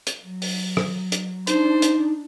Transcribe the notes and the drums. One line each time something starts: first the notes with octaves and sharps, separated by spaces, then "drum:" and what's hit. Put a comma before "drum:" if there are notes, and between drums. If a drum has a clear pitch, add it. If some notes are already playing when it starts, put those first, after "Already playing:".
drum: hi-hat
F#3
drum: open hi-hat
drum: rim click
drum: hi-hat
D4 D#4 C5, drum: hi-hat
drum: hi-hat